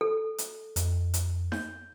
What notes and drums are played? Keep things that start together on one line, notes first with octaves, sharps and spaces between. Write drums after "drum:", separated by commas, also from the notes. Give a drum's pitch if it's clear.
A4
drum: hi-hat
F2, drum: hi-hat
drum: hi-hat
G6, drum: snare D#4